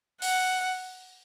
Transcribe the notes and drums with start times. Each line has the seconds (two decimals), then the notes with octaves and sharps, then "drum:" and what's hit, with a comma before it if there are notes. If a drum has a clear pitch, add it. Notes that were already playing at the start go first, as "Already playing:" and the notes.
0.22 F#5, drum: open hi-hat